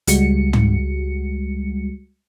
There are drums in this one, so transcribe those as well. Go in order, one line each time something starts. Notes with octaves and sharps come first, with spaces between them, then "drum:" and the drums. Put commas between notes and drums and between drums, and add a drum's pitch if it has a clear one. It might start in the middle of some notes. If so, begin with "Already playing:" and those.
C#2 G3 G#3 F#4 C#7, drum: hi-hat
drum: tom